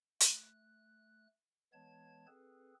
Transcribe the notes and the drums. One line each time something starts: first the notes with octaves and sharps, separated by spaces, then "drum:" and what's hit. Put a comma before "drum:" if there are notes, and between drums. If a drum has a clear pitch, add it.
A3 F#6, drum: hi-hat
E3 G#3 B3 C#5 A5 G#6
C4 G#4 A4 B4